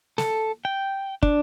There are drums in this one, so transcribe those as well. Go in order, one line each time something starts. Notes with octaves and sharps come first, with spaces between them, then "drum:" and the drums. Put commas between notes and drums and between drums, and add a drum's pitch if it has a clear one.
A4, drum: snare
G5
D4, drum: kick